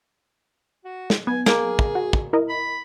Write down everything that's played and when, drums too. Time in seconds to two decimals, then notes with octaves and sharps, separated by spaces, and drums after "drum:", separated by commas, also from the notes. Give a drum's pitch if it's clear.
0.85 F#4
1.10 drum: snare
1.27 B3 G#5
1.46 A#3 G#4, drum: snare
1.79 drum: kick
1.95 F#4
2.13 drum: kick
2.33 E4 A#4 D#5
2.49 B5